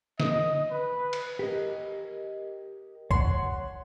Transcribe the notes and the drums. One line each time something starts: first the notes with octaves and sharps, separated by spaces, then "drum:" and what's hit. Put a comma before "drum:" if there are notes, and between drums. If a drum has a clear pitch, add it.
D#5, drum: snare
B4
drum: cymbal
G4 A#4 D#5
C#5 F#5 C6, drum: kick B1